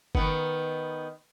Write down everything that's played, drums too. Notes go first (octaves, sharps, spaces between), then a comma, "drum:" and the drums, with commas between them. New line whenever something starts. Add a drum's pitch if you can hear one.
D#3 B3, drum: kick G1